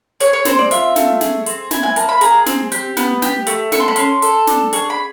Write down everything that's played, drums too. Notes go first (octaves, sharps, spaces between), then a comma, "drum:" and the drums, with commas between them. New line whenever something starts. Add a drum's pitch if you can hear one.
G#4 C#5, drum: hi-hat
C#5
C4 C5, drum: snare
D5
F4 E5, drum: hi-hat
A3, drum: snare
G#4, drum: snare
C4, drum: hi-hat
E4 G#5, drum: snare
G#5
A#3 A5, drum: hi-hat
B5
G#4 A#5, drum: hi-hat
C4, drum: snare
G4, drum: hi-hat
B3, drum: snare
G4, drum: snare
A3, drum: hi-hat
A4 C#6, drum: snare
C6
B5
C#4 C6, drum: hi-hat
A4, drum: hi-hat
D4, drum: snare
G#4 C#6, drum: hi-hat
B5